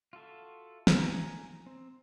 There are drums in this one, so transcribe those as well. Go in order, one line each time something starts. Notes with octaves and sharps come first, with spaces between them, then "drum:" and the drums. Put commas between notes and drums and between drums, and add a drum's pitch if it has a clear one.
F4 F#4 A4 E5
drum: snare
G#5 A#5
C4